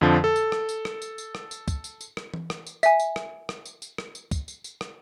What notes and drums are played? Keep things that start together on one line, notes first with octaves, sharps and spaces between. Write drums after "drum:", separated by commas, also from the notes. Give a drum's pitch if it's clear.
F2 D3 F3
A4
drum: tambourine
drum: rim click
drum: tambourine
drum: rim click
drum: tambourine
drum: tambourine
drum: rim click
drum: tambourine
drum: kick, tambourine
drum: tambourine
drum: tambourine
drum: rim click
drum: tom E3
drum: rim click
drum: tambourine
E5 G#5, drum: tambourine
drum: tambourine
drum: rim click
drum: rim click
drum: tambourine
drum: tambourine
drum: rim click
drum: tambourine
drum: kick, tambourine
drum: tambourine
drum: tambourine
drum: rim click